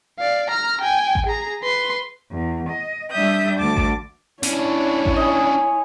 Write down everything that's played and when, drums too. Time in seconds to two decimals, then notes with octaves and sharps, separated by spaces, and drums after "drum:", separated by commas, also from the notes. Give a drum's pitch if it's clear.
0.19 D5 F5
0.51 A#5 F6
0.81 G5 G#5
1.15 drum: kick A1
1.27 G#4 A#5
1.63 B4 C6
2.30 E2
2.68 D#5
3.11 G3 D4 E5 D#6 G6
3.57 D2 A5 D6
3.76 drum: kick A1
4.43 C#4 D4 E4 C#5, drum: hi-hat
5.06 drum: kick A1
5.16 D#5 G#5